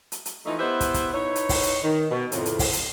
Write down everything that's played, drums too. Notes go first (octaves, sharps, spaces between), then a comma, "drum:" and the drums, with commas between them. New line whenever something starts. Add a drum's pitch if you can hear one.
drum: hi-hat
drum: hi-hat
E3 F3 A3 D#4
B3 E4 G4 B4 C5 E5
drum: kick, hi-hat
drum: kick, hi-hat
D#4 E4 B4 C#5
drum: hi-hat
drum: kick, open hi-hat
drum: hi-hat
D#3
B2
F2 A2 C#3, drum: hi-hat
drum: hi-hat
drum: kick, open hi-hat
drum: hi-hat